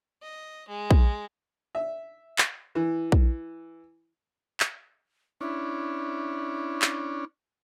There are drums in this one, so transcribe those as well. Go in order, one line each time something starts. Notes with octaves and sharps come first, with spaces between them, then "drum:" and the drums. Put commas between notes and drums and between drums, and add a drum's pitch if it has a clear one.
D#5
G#3
drum: kick A#1
E5
drum: clap
E3
drum: kick A#1
drum: clap
C#4 D4 E4
drum: clap